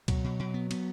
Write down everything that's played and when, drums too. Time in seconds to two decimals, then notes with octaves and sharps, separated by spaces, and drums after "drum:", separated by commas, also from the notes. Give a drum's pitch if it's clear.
0.08 B2 F#3, drum: kick C#2, cymbal
0.24 B2
0.39 B2
0.54 B3
0.71 B3, drum: cymbal